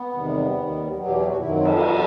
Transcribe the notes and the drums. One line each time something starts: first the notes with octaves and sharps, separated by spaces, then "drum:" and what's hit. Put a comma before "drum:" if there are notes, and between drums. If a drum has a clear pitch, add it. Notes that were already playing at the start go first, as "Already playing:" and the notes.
Already playing: B3
E2 C3 D#3 G3
D#2 D#3 G3
E2 B2 F#3
G4
G4
F#4
F#2 D#3 F#3 E4
C4
A4, drum: cymbal
E2 B2 F#3 A4, drum: cymbal